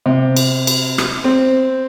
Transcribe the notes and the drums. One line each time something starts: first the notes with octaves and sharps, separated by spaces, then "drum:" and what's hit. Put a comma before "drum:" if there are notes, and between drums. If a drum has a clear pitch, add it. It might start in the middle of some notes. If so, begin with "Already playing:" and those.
C3
drum: cymbal
drum: cymbal
drum: rim click
C4